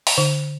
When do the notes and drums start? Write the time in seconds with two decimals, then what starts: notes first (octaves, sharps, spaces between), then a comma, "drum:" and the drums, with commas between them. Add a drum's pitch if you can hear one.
0.07 drum: open hi-hat
0.18 D3